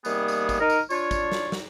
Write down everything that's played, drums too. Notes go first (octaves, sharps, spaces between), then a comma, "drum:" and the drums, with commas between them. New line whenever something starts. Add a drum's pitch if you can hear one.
C3 D#3 G3 A#3 B3 G#4, drum: tambourine
drum: tambourine
drum: kick, tambourine
D#4 A#4
drum: tambourine
D4 F4 C#5, drum: tambourine
drum: kick, tambourine
drum: snare
drum: snare